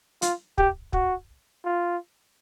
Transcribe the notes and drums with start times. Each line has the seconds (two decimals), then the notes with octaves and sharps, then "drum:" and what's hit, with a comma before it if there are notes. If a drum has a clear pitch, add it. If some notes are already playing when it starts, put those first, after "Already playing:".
0.22 F4, drum: hi-hat
0.58 G4, drum: kick
0.93 F#4, drum: kick
1.65 F4